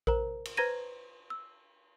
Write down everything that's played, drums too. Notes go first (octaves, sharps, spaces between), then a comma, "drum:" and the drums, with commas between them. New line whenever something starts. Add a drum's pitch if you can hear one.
A#4 C5 A#5, drum: kick A#1
drum: cymbal
B4 C5 A#5 G#6 A#6 D#7
E6